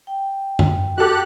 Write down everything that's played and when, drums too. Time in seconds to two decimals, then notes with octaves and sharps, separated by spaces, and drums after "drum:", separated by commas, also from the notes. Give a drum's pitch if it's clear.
0.07 G5
0.59 drum: tom F#2
0.98 F#4 G4 A4 F#6